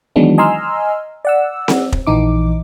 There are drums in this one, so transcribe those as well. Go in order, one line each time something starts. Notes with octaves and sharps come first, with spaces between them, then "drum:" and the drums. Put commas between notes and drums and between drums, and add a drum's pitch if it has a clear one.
D#3 E3 F#3 G#3 B3 D4
D#5 G#5 A#5 C6 E6 F6
D5 F#5 E6
drum: snare C4
drum: kick
A#1 E3 D#4 D6